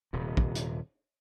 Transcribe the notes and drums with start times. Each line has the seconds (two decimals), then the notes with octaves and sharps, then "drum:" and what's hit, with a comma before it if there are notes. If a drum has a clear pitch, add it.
0.13 D#1 C3
0.37 drum: kick
0.55 drum: hi-hat